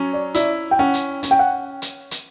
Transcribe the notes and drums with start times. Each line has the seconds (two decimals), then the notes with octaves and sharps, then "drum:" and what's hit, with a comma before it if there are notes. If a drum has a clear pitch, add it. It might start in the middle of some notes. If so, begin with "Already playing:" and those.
Already playing: F#3 C#4
0.13 D5
0.35 E4 D5, drum: hi-hat
0.71 G5
0.79 C#4 F#5
0.94 drum: hi-hat
1.23 C#4, drum: hi-hat
1.31 G5
1.39 F#5
1.82 drum: hi-hat
2.11 drum: hi-hat